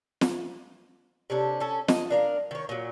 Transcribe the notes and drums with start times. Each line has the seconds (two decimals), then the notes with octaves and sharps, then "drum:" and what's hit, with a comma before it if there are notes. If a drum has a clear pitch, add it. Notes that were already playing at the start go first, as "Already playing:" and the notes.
0.21 drum: snare
1.30 C3 C#4 D4 A4
1.60 C#4 A4
1.88 D#5, drum: snare
2.10 D4 A#4 F5
2.51 D#3 C#5
2.69 A#2 F#3